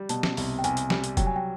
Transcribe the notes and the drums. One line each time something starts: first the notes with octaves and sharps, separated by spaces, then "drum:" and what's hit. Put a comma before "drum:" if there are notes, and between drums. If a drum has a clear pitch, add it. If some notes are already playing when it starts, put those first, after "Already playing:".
Already playing: G3
B2 A5, drum: hi-hat
drum: snare
C2, drum: open hi-hat
G5
C2 G#5, drum: hi-hat
drum: hi-hat
G3, drum: snare
drum: hi-hat
F#3 G5, drum: kick F1, hi-hat
G#5
G5